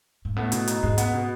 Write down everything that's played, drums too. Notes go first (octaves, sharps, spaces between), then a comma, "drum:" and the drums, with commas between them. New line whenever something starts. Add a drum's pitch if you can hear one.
G#2
A2 B3
B2, drum: hi-hat
D#4, drum: hi-hat
G#2 G#3
B3, drum: hi-hat
B2